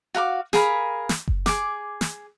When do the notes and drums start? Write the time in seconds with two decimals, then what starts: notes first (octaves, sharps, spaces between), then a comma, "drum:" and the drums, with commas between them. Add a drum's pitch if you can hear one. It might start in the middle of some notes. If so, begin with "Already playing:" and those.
0.15 F#4 F5 A#5 D6
0.53 G#4 A#4 F5 B5, drum: snare
1.09 drum: snare
1.28 drum: kick F#1
1.46 G#4 D6, drum: snare
2.01 drum: snare